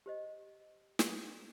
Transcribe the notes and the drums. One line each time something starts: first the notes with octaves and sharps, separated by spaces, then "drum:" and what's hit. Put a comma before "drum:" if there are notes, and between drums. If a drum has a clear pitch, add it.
G4 C5 D#5
drum: snare